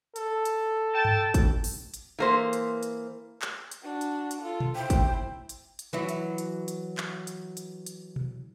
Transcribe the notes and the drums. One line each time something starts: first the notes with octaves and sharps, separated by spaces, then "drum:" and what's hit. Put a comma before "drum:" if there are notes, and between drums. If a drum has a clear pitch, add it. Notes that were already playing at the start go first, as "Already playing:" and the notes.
A4, drum: hi-hat
drum: hi-hat
G5 A5
drum: tom G2
drum: kick, hi-hat
drum: open hi-hat
drum: hi-hat
E3 A#3 C5
drum: hi-hat
drum: hi-hat
drum: clap
drum: hi-hat
D4 F#4
drum: hi-hat
drum: hi-hat
F4 A4
drum: tom B2
E4 C5 G5
drum: kick, hi-hat
drum: hi-hat
drum: hi-hat
E3 F#3 E4
drum: hi-hat
drum: hi-hat
drum: hi-hat
drum: clap
drum: hi-hat
drum: hi-hat
drum: hi-hat
drum: tom B2